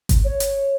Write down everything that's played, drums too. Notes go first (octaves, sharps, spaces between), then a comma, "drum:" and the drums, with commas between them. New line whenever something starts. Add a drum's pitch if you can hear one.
drum: kick G#1, hi-hat
C#5
drum: hi-hat